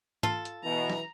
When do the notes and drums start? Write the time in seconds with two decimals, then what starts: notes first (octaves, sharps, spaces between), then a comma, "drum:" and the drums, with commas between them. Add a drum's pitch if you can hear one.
0.23 F4 A4, drum: tom G#2
0.45 drum: hi-hat
0.64 B2 E3 A#5
0.90 drum: snare